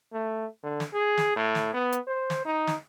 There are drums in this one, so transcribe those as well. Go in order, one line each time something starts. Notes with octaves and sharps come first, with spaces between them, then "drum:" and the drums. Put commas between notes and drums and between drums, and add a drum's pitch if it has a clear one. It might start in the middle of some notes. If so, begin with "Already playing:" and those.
A3
D3
drum: snare
G#4
drum: snare
A2
drum: snare
B3
drum: hi-hat
C5
drum: snare
D#4
drum: snare